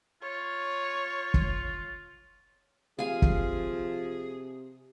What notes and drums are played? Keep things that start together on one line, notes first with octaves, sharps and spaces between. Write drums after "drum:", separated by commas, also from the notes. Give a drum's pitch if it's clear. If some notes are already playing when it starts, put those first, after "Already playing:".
F4 C#5
drum: kick
C3 F3 G#4 F5 G#5
drum: kick